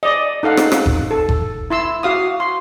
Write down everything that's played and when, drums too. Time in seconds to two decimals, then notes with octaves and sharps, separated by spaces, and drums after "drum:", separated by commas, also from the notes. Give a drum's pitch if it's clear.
0.03 D5 D#5
0.43 D#4 A4 F5 F#5
0.57 drum: rim click
0.72 drum: rim click
0.86 drum: kick F#1
1.11 A4
1.29 drum: kick F#1
1.70 E4 C6 E6
2.03 F#4 F5 D#6
2.40 C6